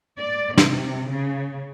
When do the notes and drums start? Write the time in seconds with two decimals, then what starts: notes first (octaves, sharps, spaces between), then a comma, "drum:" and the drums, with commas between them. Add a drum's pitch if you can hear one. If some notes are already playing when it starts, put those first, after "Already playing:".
0.18 D5
0.58 C3, drum: snare
1.11 C#3